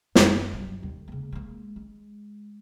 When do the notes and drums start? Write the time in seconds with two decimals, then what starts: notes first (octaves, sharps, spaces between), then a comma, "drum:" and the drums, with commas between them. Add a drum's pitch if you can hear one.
0.15 F#2 B3, drum: snare
0.53 F#2 G3
0.82 D#2 D3
1.08 C#3 A#3
1.32 G#3 A#3
1.76 G#3